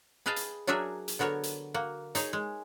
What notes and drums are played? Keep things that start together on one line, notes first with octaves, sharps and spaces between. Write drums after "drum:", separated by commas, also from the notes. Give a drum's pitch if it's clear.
G#4 B4 D#5 F5 G5 A5
drum: hi-hat
F#3 D4 F#4 G#4 A#4 E5
drum: hi-hat
D3 B3 F#4 A#4 C#5
drum: hi-hat
A#3 F#4
D#4 G#4 C#5, drum: hi-hat
G#3